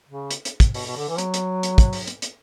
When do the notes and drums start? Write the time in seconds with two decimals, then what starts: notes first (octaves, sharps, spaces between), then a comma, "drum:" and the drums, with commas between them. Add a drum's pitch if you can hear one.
0.09 C#3
0.31 drum: hi-hat
0.45 drum: hi-hat
0.60 drum: kick, hi-hat
0.74 B2, drum: open hi-hat
0.86 B2
0.96 D3
1.09 E3
1.18 F#3, drum: hi-hat
1.34 drum: hi-hat
1.63 drum: hi-hat
1.78 drum: kick, hi-hat
1.93 drum: open hi-hat
2.07 drum: hi-hat
2.22 drum: hi-hat